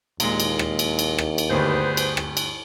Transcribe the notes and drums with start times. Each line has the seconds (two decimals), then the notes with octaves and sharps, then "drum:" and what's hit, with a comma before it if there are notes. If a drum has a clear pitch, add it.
0.20 D#2 A#2 G#3, drum: cymbal
0.40 drum: cymbal
0.59 drum: rim click
0.79 drum: cymbal
0.99 drum: cymbal
1.18 drum: rim click
1.38 drum: cymbal
1.50 D2 G2 G3 B3 G#4 C5
1.97 drum: cymbal
2.17 drum: rim click
2.37 drum: cymbal